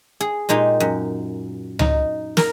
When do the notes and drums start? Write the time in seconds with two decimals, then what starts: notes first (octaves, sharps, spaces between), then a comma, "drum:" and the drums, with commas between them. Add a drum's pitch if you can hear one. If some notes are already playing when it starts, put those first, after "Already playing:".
0.21 G#4
0.49 A#2 G#3 D#4 G4
0.80 F#2
1.79 D#4, drum: tom C#2
2.37 A#4, drum: snare